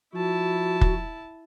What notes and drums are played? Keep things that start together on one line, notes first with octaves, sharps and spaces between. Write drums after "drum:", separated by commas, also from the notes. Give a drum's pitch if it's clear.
F3 E4 F#4 A5
drum: kick